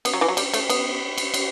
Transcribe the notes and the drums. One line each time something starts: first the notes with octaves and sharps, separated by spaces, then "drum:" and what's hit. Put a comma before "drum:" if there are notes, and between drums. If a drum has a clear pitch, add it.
B3, drum: cymbal
F#3
E3
F#3
G3, drum: cymbal
A3, drum: cymbal
B3, drum: cymbal
drum: cymbal
drum: cymbal